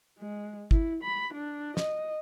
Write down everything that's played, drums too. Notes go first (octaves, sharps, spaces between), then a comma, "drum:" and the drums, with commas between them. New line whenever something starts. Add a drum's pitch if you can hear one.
G#3
E4, drum: kick
B5
D4
D#5, drum: snare